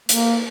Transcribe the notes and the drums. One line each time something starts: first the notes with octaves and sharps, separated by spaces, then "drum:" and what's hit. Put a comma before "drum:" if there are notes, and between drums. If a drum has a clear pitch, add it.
A#3, drum: hi-hat